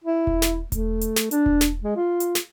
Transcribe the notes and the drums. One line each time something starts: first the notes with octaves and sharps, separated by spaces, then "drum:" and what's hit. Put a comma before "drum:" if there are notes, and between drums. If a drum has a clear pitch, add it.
E4
drum: kick E1
drum: snare
A3, drum: kick E1, hi-hat
drum: hi-hat
drum: snare
D4, drum: hi-hat
drum: kick E1
drum: snare
G#3
F4
drum: hi-hat
drum: snare